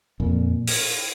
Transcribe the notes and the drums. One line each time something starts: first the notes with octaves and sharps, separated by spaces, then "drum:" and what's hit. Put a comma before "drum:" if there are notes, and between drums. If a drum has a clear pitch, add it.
F2 A#2
drum: open hi-hat